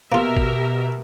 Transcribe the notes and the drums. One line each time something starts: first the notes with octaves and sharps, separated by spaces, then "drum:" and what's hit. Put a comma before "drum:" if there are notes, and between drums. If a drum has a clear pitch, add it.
B2 A#3 F4 G4 A#4 E5
drum: kick G#1